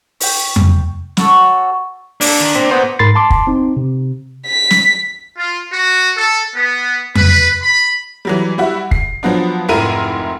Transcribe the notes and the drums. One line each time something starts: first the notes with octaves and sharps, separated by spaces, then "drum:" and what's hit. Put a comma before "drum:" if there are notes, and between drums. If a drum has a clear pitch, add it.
C#5 G5, drum: open hi-hat
drum: tom F2
F#4 A4 C#5 F#5, drum: snare
A#3 D4 A4, drum: open hi-hat
D#3
A#2 C4
B3 C5
G#2 A#4 B5 C6 A6 C7
A5 C6 D6
drum: kick
C4 D#4
C3
B6
drum: snare
F4
F#4
A4
B3
B4, drum: tom F2
B5
E3 F#3 G3
G3 E4 F#4 E5
C7, drum: kick
F3 F#3 B3 D4
F1 G#2 E4 A#4 D#7